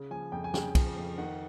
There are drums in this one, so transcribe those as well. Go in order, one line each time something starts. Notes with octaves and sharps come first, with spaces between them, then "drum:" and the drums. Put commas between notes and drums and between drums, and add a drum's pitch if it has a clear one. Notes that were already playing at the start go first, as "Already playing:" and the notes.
Already playing: C#3
F3 G#5
F2 G5
G#5
C#3 G5, drum: snare
F3, drum: kick B1, cymbal
F2
D#3 F#5